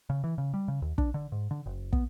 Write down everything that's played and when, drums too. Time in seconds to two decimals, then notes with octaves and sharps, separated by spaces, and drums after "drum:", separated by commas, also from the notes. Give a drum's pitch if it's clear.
0.10 C#3
0.24 E3
0.38 C#3
0.54 G3
0.68 C#3
0.82 D#2
0.98 D4, drum: kick
1.14 D3
1.32 G#2
1.51 D3
1.66 F#1
1.93 B3, drum: kick